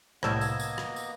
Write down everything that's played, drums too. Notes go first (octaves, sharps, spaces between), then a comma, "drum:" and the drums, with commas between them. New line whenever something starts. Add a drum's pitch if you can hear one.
C2 A2 G3 A#3 B3 D#5 E6 G#6, drum: rim click
drum: tambourine
drum: tambourine
drum: rim click
drum: tambourine